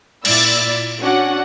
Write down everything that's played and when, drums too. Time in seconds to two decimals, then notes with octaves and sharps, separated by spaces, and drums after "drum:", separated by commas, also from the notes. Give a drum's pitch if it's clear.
0.25 A#2 E4 D5 E6 A6, drum: cymbal
0.99 C#4 D4 F#4 F#5